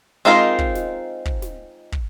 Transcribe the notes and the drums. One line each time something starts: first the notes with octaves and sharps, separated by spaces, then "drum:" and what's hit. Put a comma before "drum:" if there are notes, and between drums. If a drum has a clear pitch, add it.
G#3 C4 D#4 F4 A#4
drum: kick
drum: snare
drum: kick
drum: snare
drum: kick